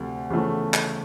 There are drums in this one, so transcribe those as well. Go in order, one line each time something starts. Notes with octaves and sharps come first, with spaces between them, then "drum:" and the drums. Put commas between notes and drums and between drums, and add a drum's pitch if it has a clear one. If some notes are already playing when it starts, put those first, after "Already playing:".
Already playing: D2 C3 F3
E2 C#3 F3 A3
drum: clap